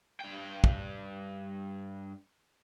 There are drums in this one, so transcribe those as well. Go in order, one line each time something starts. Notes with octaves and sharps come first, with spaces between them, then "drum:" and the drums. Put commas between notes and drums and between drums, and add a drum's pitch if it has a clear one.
G2 G5
drum: kick